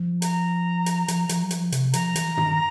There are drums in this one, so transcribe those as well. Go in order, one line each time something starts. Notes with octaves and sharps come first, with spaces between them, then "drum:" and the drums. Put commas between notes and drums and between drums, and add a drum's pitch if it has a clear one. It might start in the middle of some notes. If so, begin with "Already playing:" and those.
Already playing: F3
A#5, drum: hi-hat
drum: hi-hat
F3, drum: hi-hat
F3, drum: hi-hat
F#3
F3, drum: hi-hat
C3, drum: hi-hat
F3 A#5, drum: hi-hat
E3, drum: hi-hat
D#3, drum: tom